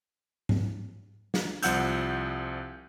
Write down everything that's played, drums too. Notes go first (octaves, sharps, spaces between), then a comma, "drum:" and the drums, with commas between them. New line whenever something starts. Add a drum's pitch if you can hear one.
drum: tom G#2
drum: snare
C2 F3 F#5 E6 G6, drum: hi-hat